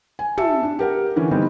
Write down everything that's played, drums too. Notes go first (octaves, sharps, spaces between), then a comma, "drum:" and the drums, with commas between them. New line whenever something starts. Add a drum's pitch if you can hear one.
G#5
E5 A5 E6 C#7, drum: tom
D4
G4 A#4 F#5
D3 E3 C#4
D#3 G3 B3 C4 D#4